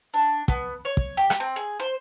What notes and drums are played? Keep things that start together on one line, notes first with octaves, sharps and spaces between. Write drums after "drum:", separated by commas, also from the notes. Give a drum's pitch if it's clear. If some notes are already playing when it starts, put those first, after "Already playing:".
D4
B3, drum: kick
C#5
drum: kick
G4
drum: rim click
C4
G#4
C5